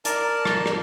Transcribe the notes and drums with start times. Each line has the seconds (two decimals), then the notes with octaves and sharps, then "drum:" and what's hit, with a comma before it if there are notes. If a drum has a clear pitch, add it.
0.05 A#4 D5 A5, drum: hi-hat
0.45 drum: rim click
0.66 drum: rim click